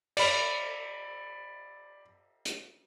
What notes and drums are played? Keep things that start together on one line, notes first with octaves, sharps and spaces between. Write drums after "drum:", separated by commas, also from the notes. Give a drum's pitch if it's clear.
D5 B5, drum: cymbal
drum: hi-hat